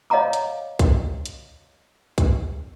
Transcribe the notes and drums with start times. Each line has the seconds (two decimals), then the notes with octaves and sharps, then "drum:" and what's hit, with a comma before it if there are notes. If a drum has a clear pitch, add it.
0.10 C#5 D#5 F5 F#5 A#5 D6
0.33 drum: hi-hat
0.79 drum: kick, hi-hat
1.26 drum: hi-hat
2.18 drum: kick, hi-hat